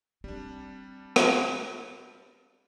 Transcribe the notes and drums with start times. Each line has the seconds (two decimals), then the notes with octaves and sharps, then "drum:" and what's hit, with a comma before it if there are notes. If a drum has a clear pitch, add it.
0.24 G3 C4 D4
1.16 drum: rim click